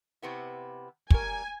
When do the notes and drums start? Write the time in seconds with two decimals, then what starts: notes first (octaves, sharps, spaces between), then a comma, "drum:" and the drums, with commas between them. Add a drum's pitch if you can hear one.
0.22 C3 B3 E4
1.10 G3 A#4 G#5, drum: kick